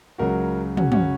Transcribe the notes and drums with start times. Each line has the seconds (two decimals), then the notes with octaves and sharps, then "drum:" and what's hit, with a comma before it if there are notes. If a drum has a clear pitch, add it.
0.18 C#2 C#3 F#3 F#4 A#4
0.77 C#4 F#4, drum: tom
0.92 C#4 F#4, drum: tom